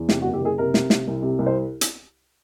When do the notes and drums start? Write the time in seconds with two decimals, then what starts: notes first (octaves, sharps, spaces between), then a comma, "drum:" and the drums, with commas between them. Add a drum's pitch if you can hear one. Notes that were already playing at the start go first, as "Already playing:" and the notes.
Already playing: E2
0.09 C3 G4, drum: snare
0.22 F#4
0.26 F#1
0.33 G4
0.41 F#1 G#4
0.58 C3 A#4
0.74 C3, drum: snare
0.90 C3, drum: snare
1.07 C2
1.22 C3
1.39 C2
1.46 C5
1.81 drum: hi-hat